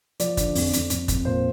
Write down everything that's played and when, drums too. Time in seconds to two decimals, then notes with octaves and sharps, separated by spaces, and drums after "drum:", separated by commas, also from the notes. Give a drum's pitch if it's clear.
0.20 F3 D5, drum: hi-hat
0.37 D3, drum: kick, hi-hat
0.55 F2, drum: open hi-hat
0.73 F2, drum: hi-hat
0.90 F2, drum: hi-hat
1.08 F2, drum: kick, hi-hat
1.25 A#2 C5